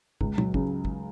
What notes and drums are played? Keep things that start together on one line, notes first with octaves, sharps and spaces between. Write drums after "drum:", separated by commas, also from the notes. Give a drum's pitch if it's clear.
C#2, drum: kick
F#3, drum: tom A#2
C#3, drum: kick
drum: kick